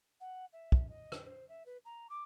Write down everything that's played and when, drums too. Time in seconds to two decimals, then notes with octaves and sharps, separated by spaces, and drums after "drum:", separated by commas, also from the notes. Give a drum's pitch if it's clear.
0.20 F#5
0.52 E5
0.72 drum: kick
0.88 D#5
1.12 drum: rim click
1.25 C5
1.48 E5
1.66 B4
1.85 A#5
2.09 D6